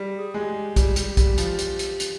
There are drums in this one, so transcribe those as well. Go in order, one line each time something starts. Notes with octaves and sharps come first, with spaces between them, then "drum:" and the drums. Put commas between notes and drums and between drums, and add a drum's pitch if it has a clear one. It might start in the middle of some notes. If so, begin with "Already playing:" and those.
Already playing: G3
G#4
G#3 G4
G3, drum: kick, hi-hat
G3, drum: hi-hat
G3, drum: kick, hi-hat
F3, drum: hi-hat
drum: hi-hat
drum: hi-hat
drum: hi-hat